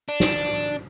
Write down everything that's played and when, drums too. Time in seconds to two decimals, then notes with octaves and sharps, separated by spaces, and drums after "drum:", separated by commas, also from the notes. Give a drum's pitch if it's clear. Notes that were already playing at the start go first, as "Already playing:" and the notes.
0.09 D4
0.20 drum: snare